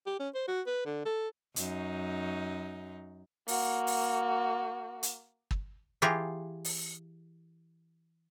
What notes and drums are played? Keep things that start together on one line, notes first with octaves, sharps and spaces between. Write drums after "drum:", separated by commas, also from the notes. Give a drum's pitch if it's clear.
G4
C#4
C5
F#4
B4
D3
A4
F#2 D#4, drum: hi-hat
A#3 F#4, drum: open hi-hat
drum: open hi-hat
drum: hi-hat
drum: kick
E3 F4 G4 G#4 A#5
drum: open hi-hat